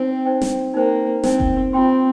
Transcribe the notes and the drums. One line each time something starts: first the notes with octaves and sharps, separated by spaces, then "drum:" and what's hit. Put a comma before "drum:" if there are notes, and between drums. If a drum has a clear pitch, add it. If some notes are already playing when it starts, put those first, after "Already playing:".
Already playing: C4 D#4 C5 G5
D#4 C5 G5
drum: snare
A#3 D#4 C5 G5
C4 D#4 C5 G5, drum: snare
drum: kick F#1
C4 F4 C5 G5 C6